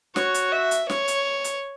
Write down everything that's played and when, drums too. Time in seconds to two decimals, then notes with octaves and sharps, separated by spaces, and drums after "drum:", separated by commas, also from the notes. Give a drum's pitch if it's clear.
0.16 F#4 C#5, drum: snare
0.34 drum: hi-hat
0.52 E5
0.71 drum: hi-hat
0.90 C#5, drum: snare
1.08 drum: hi-hat
1.44 drum: hi-hat